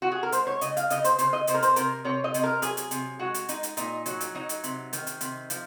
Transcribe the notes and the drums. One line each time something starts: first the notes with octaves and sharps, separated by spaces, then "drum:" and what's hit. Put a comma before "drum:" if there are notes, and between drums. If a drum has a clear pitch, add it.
F#4
G#4
A#4
G#3 C5, drum: hi-hat
C#5
C#3 D#5, drum: hi-hat
F5, drum: hi-hat
C#3 D#5, drum: hi-hat
C5, drum: hi-hat
C#3 C5, drum: hi-hat
D#5
C3 C5, drum: hi-hat
A#4
C5, drum: hi-hat
C3 A#4, drum: hi-hat
C3 C#5
D#5
C3, drum: hi-hat
A#4
F#3 G#4, drum: hi-hat
drum: hi-hat
C3, drum: hi-hat
G#3 F#4
drum: hi-hat
G#3 D#4, drum: hi-hat
drum: hi-hat
A#2 D#4, drum: hi-hat
F#3, drum: hi-hat
drum: hi-hat
F#3 D#4
drum: hi-hat
C3, drum: hi-hat
D#3, drum: hi-hat
drum: hi-hat
C3, drum: hi-hat
F3, drum: hi-hat